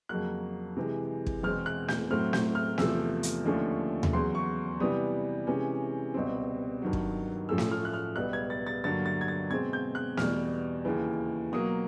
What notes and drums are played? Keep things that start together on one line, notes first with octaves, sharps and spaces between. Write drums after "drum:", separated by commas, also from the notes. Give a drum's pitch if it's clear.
F2 C#3 F#3 A#3 F#6
C3 E3 G#3
drum: kick
E2 B2 G#3 C4 F6
F#6
G6, drum: snare
A2 F#3 A3 C4 F6
G6, drum: snare
F6
E2 C3 F3 A3 E6, drum: snare
drum: hi-hat
D#2 D3 F3 A3 C#4
drum: tom D#2
E2 C#3 F#3 C6
C#6
C3 E3 G3 B3 D#6
C3 E3 G#3 C#4
C#2 B2 G3 C4
G2 D#3 F#3
drum: kick
A2 F3 A3 C#4 E6
drum: snare
F6
F#6
F6
C#2 B2 G3 B3 F#6
G#6
A6
A6
G2 D3 F#3 A#3 A6
A6
G#6
A6
B2 G#3 C4 G#6
G6
F#6
E2 B2 G3 F6, drum: snare
D#2 C#3 E3
B2 F#3 A#3 D#6